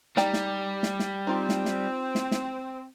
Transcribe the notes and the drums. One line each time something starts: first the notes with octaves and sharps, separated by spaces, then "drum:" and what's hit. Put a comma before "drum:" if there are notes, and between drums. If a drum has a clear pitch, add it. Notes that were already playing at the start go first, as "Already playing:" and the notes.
G3 D#4 D5 G5, drum: snare
drum: snare
drum: snare
drum: snare
C4 D#4 F4
drum: snare
drum: snare
drum: snare
drum: snare